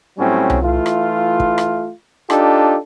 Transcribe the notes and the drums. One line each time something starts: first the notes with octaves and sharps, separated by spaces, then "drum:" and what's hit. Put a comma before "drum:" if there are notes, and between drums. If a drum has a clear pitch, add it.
A2 F#3 G3 C4 C#4
drum: tom C2
E3 A3 F4
drum: rim click
drum: kick
drum: rim click
D4 D#4 F4 G4 A4, drum: rim click